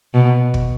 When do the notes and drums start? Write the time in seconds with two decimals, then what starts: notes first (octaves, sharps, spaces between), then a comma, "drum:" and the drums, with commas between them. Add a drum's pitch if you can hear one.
0.14 B2
0.54 drum: kick